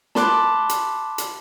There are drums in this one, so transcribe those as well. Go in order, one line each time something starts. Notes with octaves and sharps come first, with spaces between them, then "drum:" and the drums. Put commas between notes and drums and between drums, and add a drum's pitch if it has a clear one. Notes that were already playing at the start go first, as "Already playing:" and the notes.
A5 B5 C6 D6 F#6, drum: snare
drum: hi-hat
drum: hi-hat